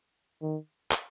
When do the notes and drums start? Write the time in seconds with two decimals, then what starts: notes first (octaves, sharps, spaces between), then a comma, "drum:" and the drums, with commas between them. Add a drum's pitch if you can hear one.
0.42 D#3
0.91 drum: clap